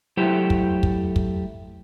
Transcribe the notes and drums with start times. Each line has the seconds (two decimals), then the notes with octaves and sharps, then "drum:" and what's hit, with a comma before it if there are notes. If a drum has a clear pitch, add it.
0.17 F#3 A3 E4 G4 A4 C5
0.50 drum: kick
0.83 drum: kick
1.16 drum: kick